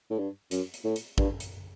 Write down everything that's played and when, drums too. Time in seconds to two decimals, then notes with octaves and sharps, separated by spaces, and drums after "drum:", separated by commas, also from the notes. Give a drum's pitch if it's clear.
0.10 A2
0.18 G2
0.51 F#2, drum: hi-hat
0.74 drum: hi-hat
0.85 A2
0.96 drum: hi-hat
1.18 G2, drum: kick
1.40 drum: hi-hat